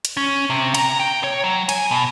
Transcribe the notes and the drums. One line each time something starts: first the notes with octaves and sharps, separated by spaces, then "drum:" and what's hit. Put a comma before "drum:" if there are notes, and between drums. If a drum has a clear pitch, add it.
drum: hi-hat
C#4
C3
A#5, drum: cymbal
G5
C#5
F#3
G#5, drum: cymbal
B2